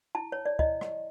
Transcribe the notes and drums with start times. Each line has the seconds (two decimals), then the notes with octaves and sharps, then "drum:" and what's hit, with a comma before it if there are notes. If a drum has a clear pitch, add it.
0.15 E4 A5
0.32 C#5
0.45 D5
0.59 E4 D#5, drum: kick
0.81 drum: rim click